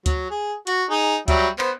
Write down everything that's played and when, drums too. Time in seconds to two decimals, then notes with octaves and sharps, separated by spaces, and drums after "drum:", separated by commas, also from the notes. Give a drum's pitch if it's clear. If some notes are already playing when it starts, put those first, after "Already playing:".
0.06 F#3, drum: kick D2, hi-hat
0.30 G#4
0.67 F#4, drum: hi-hat
0.90 D#4 G#4
1.28 F#3 G3 E5, drum: kick D2, hi-hat
1.59 B3 C5, drum: clap